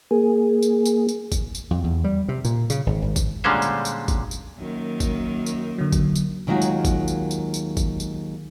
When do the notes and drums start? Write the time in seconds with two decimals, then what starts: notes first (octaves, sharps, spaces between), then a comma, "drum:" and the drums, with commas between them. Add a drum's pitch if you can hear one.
0.11 A#3 G#4
0.62 drum: tambourine
0.86 drum: tambourine
1.09 drum: tambourine
1.32 drum: kick, tambourine
1.55 drum: tambourine
1.71 F2
1.84 E2
2.04 G3
2.28 C3
2.45 A#2, drum: tambourine
2.70 C#3, drum: tambourine
2.86 G#1
3.02 G#1
3.16 drum: kick, tambourine
3.44 A#2 D3 G3 G#3 C#4 C5
3.62 drum: tambourine
3.85 drum: tambourine
4.08 drum: kick, tambourine
4.31 drum: tambourine
4.58 F#2 D#3 A#3
5.00 drum: kick, tambourine
5.46 drum: tambourine
5.78 D3 F#3
5.92 drum: kick, tambourine
6.16 drum: tambourine
6.47 D#2 D#3 F#3 G#3 F4 F#4
6.62 drum: tambourine
6.85 drum: kick, tambourine
7.08 drum: tambourine
7.31 drum: tambourine
7.54 drum: tambourine
7.77 drum: kick, tambourine
8.00 drum: tambourine